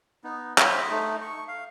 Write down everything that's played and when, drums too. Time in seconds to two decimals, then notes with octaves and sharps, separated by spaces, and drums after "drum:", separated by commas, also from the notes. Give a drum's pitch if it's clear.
0.24 B3 D#4
0.58 C5 D#5 E5 B5, drum: clap
0.91 A3 D#4
1.21 C#6
1.48 F5